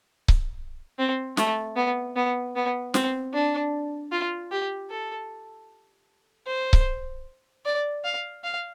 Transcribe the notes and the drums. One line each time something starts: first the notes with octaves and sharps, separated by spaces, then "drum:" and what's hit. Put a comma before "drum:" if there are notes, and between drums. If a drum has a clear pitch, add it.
drum: kick C#1
C4
A3, drum: snare
B3
B3
B3
C4, drum: snare
D4
F4
G4
A4
C5
drum: kick C#1
D5
F5
F5